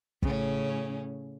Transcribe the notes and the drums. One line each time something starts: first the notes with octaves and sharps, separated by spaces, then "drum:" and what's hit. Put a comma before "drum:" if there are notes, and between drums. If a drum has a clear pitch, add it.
A2 C#3 C#4, drum: kick